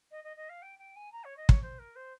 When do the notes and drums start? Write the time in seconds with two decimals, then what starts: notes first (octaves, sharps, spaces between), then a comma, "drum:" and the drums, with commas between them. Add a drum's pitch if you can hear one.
0.11 D#5
0.24 D#5
0.36 D#5
0.49 F5
0.62 G5
0.78 G5
0.95 G#5
1.12 A#5
1.24 C#5
1.36 D#5
1.49 C#5, drum: kick
1.62 C5
1.79 A#4
1.95 C5